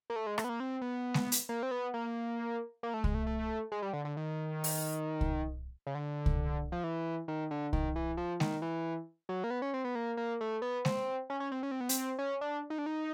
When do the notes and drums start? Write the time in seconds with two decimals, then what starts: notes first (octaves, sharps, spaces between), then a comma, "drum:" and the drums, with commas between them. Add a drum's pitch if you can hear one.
0.10 A#3
0.16 A3
0.27 G#3
0.38 A3, drum: rim click
0.44 B3
0.49 A#3
0.60 C4
0.82 B3
1.14 drum: snare G#3
1.32 drum: hi-hat
1.49 A#3
1.63 C4
1.71 B3
1.94 A#3
2.83 A#3
2.94 A3
3.04 G#3, drum: kick C2
3.14 A3
3.27 A3
3.72 G#3
3.82 G3
3.93 D3
4.05 D3
4.17 D#3
4.64 drum: open hi-hat
5.21 drum: kick C2
5.87 C#3
5.95 D3
6.26 drum: kick C2
6.72 F3
6.84 E3
7.28 D#3
7.51 D3
7.73 D#3, drum: kick C2
7.96 E3
8.17 F3
8.40 D#3, drum: snare G#3
8.62 E3
9.29 F#3
9.44 A#3
9.50 B3
9.62 C#4
9.74 C4
9.85 B3
9.95 A#3
10.17 A#3
10.41 A3
10.62 B3
10.85 C4, drum: snare G#3
11.30 C#4
11.40 C#4
11.52 C4
11.63 C#4
11.71 C4
11.81 B3
11.89 C4, drum: hi-hat
12.19 C#4
12.41 D4
12.70 D#4
12.78 D4
12.86 D#4